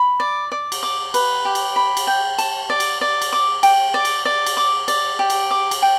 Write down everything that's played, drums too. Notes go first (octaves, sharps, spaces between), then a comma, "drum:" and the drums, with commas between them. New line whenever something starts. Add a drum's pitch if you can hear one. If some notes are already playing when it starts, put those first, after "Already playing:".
Already playing: B5
D5
D5
drum: cymbal
D6
B4, drum: cymbal
G4
drum: cymbal
B5
drum: cymbal
G5
A5, drum: cymbal
D5
drum: cymbal
D5
drum: cymbal
D6
G5, drum: cymbal
D5
drum: cymbal
D5
drum: cymbal
D6
D5, drum: cymbal
G4
drum: cymbal
D6
drum: cymbal
G5